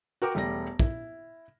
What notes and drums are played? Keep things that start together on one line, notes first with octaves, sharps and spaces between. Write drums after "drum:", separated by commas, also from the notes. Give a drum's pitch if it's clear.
F#4 A#4 G5 D6
E1 G3 A3 D5 A#6
E4, drum: kick